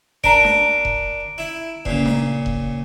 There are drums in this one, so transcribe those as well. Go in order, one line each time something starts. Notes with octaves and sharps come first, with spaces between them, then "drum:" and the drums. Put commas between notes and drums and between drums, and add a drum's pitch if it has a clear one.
D4 A#4 A#5 D7, drum: kick E1
drum: snare D4
drum: kick E1
E4
A#2 C#3, drum: kick E1
drum: snare D4
drum: kick E1